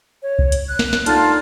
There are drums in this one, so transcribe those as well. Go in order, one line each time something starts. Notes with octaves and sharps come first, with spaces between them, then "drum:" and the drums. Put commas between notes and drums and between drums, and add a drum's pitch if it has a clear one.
C#5
drum: kick C2
drum: hi-hat
F#6
drum: snare
drum: snare
D3 D#4 F4 A5, drum: hi-hat